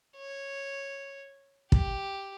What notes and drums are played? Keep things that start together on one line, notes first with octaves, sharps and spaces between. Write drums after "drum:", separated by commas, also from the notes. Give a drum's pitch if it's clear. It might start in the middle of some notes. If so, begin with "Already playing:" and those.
C#5
G4, drum: kick